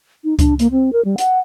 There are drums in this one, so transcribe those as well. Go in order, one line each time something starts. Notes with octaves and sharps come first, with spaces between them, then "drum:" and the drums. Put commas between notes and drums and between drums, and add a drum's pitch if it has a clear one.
D#4
D4, drum: kick C#2, hi-hat
A#3, drum: hi-hat
C4
A#4
G3
F#5, drum: hi-hat